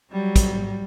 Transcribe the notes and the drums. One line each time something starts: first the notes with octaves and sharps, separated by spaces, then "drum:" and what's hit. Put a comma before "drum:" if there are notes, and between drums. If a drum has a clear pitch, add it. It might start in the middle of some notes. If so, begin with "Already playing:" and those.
F#3 G3
drum: kick, hi-hat